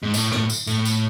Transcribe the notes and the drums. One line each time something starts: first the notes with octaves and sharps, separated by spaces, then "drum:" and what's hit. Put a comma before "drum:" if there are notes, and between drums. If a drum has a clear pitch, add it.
G#2
A2, drum: tambourine
A2, drum: rim click
drum: tambourine
A2, drum: tambourine
drum: tambourine